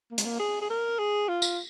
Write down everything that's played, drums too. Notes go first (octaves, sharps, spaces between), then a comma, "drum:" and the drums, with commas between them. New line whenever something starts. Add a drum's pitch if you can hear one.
A#3
G#3, drum: hi-hat
A#3
G#4
G#4
A#4
G#4
F4
drum: tambourine